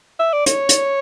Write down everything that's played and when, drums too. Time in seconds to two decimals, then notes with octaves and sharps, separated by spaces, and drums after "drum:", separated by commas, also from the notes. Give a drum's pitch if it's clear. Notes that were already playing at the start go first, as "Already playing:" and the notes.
0.19 E5
0.33 D5
0.46 C#5, drum: hi-hat
0.69 drum: hi-hat